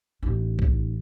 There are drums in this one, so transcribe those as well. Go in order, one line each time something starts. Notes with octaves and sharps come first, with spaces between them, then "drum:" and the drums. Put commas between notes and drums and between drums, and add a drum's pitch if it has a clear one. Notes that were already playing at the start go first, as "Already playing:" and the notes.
A1 D#4
drum: kick B1